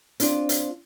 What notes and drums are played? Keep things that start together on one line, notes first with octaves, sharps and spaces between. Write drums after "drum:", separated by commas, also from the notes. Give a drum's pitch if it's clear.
C4 D4 F4, drum: hi-hat
drum: hi-hat